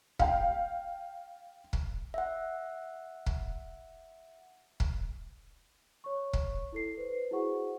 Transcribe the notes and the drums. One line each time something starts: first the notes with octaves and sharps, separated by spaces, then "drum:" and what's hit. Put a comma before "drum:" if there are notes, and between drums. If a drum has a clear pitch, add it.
F5 G5, drum: kick
drum: kick
E5 F#5
drum: kick
drum: kick
C#5 C#6
drum: kick
E4 A4 C7
B4 C5
E4 F#4 G#4 C5 F#5 C#6